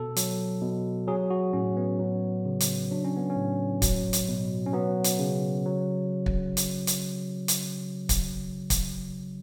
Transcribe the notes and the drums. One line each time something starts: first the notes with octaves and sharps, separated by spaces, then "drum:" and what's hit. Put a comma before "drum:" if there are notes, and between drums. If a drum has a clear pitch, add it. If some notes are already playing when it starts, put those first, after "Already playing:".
Already playing: B2 A4
F#3, drum: hi-hat
B2
F#3 G#4
F#4
A2 C#4
B3
F#3
C#3
drum: hi-hat
F#3 D4
C#4
B3
C#4
A2
F#3, drum: kick, hi-hat
drum: hi-hat
B2
C#4
F#3 B3
drum: hi-hat
C#3
F#3
drum: kick
drum: hi-hat
drum: hi-hat
drum: hi-hat
drum: kick, hi-hat
drum: kick, hi-hat